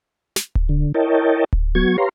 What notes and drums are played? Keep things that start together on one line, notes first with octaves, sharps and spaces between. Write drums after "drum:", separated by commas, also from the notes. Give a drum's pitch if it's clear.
drum: snare
drum: kick D1
D3
E4 A#4 C#5 D#5 G5 A5
drum: kick D1
F#3 B3 F#4 C#6 G#6
G4 B4 C#5 F5 A#5 C6